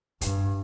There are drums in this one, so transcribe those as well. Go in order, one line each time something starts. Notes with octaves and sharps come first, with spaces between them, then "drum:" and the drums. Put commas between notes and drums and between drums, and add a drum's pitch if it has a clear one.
G2, drum: kick, hi-hat